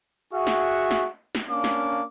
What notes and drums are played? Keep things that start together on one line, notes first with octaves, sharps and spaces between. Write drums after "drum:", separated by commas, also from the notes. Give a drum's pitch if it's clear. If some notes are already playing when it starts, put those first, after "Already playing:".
F#4 G#4 E5 F#5 C#6
drum: snare
drum: snare
drum: snare
A#3 C#4 D4 F5 D6
drum: snare